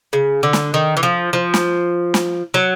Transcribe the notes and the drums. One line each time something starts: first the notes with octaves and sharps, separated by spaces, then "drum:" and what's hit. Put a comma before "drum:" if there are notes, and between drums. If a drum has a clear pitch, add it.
C#3
D3
drum: snare
D#3
E3
F3
F3
drum: snare
drum: snare
F#3